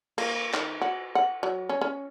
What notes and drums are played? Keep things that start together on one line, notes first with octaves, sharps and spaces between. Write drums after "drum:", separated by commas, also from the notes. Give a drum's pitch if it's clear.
A#3, drum: cymbal
D#3, drum: clap
F#4
F#5
F#3
C#4
C#4